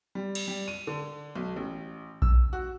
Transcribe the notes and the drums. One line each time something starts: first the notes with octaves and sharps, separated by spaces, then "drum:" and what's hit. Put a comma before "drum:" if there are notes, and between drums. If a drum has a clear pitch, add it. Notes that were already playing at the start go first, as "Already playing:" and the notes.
G3
drum: cymbal
G3
D#7
D3
B1
A1
E6, drum: kick A#1
F#4